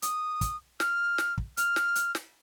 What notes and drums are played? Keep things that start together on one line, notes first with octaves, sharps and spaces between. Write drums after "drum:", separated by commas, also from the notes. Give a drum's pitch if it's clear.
D#6, drum: hi-hat
drum: kick, hi-hat
F6, drum: snare
drum: snare
drum: kick
F6, drum: hi-hat
drum: snare
drum: hi-hat
drum: snare